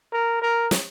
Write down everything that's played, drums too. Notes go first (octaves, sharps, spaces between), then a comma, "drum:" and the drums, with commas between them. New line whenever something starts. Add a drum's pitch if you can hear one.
A#4
A#4
drum: snare